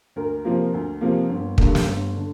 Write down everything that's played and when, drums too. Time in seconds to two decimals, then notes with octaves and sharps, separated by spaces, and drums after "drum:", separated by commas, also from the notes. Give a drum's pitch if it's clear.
0.16 D2 A#4
0.45 C3 F3 A#3
0.74 D2
1.01 C3 F3 A#3
1.29 G1
1.58 G2 D3 A#3, drum: kick
1.75 drum: snare
1.86 G1
2.17 D3